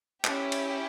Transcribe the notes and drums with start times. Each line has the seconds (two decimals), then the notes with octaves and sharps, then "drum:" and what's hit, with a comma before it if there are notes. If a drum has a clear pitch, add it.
0.25 C#4 E4 G4, drum: clap
0.52 drum: cymbal